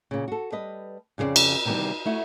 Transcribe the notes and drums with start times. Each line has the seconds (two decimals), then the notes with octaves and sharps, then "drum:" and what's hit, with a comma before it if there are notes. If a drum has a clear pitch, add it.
0.11 A#2 C#3
0.28 F#4 A4
0.52 G3 B4 D#5
1.18 F2 C#3 G4 C5 D5
1.36 drum: cymbal
1.65 C3 D#3 E3 G3 B3 C4
2.05 A3 E4 F#4